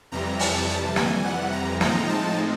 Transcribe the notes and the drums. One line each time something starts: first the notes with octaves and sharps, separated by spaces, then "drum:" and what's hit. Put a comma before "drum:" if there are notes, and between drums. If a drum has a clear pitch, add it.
F2 C3 E3 G3 A#5
A5, drum: open hi-hat
A5
G#5, drum: snare
F#5
A#5
A2 F3 G#3 C4 D#4 A#5, drum: snare
A5